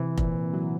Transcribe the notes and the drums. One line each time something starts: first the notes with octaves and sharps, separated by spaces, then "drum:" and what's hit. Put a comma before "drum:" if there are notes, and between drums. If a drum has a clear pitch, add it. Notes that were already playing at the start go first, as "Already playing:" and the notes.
Already playing: C3 E3
A#2, drum: kick F1
F#3